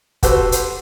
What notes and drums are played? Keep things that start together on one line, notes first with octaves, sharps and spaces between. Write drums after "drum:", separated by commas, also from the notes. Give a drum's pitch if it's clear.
F#4 G4 A4 B4 C5, drum: kick, hi-hat
drum: hi-hat